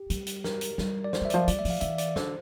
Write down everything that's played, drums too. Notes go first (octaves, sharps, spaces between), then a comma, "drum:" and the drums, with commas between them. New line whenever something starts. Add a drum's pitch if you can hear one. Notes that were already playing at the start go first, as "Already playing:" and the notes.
Already playing: G4
G3, drum: hi-hat
drum: hi-hat
A#4, drum: snare
drum: hi-hat
G3, drum: snare
D5
C5, drum: snare
E3 E5
F3 D5, drum: hi-hat
G3 D5, drum: hi-hat
E5
F3, drum: open hi-hat
F5
E3 E5, drum: hi-hat
D5, drum: hi-hat
D3 C5, drum: snare